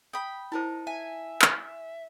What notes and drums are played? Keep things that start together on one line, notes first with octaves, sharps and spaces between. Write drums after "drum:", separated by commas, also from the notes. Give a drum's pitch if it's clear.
G5 B5 D#6
D#4 E4 A#4 C5 A5
E5 G#5
drum: clap